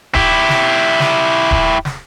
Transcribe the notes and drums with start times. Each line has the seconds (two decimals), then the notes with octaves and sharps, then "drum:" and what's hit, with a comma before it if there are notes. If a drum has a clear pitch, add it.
0.15 E4 G4, drum: kick D1
0.49 drum: snare
1.00 drum: snare
1.51 drum: kick D1
1.85 drum: snare